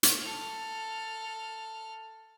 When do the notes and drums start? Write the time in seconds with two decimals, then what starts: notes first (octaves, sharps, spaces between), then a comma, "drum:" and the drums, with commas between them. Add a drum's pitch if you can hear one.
0.03 drum: hi-hat
0.21 A4 F6